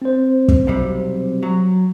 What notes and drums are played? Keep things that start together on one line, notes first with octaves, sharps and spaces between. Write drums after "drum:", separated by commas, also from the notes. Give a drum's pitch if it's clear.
C4 C5
drum: kick
B1 C3 G3
F#3